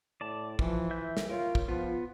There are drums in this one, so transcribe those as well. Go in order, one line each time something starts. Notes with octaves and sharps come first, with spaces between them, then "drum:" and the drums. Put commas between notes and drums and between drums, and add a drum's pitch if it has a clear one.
A2 D5 A5
E3 F3, drum: kick
E5 G6
drum: snare
F4 A#4 C#5
drum: kick
F3 B3 F4